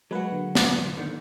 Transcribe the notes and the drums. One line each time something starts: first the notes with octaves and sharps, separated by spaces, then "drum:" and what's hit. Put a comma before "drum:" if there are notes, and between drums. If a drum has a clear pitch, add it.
F#3 G#3 A#3 F#4 B4
D3
drum: snare
D3 D#3